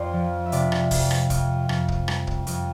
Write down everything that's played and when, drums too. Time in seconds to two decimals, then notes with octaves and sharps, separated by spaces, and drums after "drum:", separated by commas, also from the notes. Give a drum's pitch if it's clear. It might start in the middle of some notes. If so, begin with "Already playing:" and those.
Already playing: F2 C5 D5
0.13 F3
0.46 E5
0.52 C3 D5, drum: hi-hat
0.72 drum: rim click
0.91 F2, drum: kick, open hi-hat
1.11 drum: rim click
1.30 F2, drum: kick, hi-hat
1.69 F2, drum: rim click
1.88 drum: kick
2.08 G3, drum: rim click
2.27 drum: kick
2.47 F2, drum: hi-hat